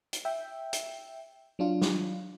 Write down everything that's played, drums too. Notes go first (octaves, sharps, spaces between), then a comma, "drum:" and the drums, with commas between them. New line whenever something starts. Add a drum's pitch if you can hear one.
drum: hi-hat
E5 G5
drum: hi-hat
F#3 D4 F4
drum: snare